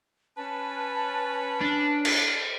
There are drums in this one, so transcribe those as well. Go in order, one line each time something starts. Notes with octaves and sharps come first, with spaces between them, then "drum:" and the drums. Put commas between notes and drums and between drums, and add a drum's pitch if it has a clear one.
C#4 B4 A5
D4
drum: cymbal